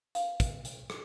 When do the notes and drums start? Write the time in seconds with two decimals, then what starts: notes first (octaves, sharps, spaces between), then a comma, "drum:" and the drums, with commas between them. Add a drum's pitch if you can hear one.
0.15 F5, drum: hi-hat
0.40 drum: kick, hi-hat
0.65 drum: hi-hat
0.90 drum: rim click